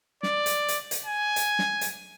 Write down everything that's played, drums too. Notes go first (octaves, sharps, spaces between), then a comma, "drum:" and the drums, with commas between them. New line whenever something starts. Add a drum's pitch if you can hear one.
D5, drum: snare
drum: hi-hat
drum: hi-hat
drum: hi-hat
G#5
drum: hi-hat
drum: snare
drum: hi-hat